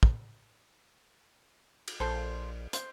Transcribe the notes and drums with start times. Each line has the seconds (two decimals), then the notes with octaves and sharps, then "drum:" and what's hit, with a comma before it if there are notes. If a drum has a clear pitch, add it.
0.03 drum: kick
1.88 drum: cymbal
2.00 A#1 A4 C5
2.73 C5, drum: hi-hat